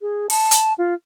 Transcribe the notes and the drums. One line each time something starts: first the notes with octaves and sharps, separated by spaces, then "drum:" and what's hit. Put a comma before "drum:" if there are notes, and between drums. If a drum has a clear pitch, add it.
G#4
A5, drum: open hi-hat
drum: hi-hat
F4